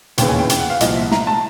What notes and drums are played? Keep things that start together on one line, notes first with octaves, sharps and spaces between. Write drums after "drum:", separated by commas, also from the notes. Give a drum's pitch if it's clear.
E1 D#2 C#3 E3 G5, drum: hi-hat
G#5
G5
G5, drum: hi-hat
F#5
F5
C2 A#2 F3 D#5, drum: hi-hat
E5
A#5, drum: snare
A5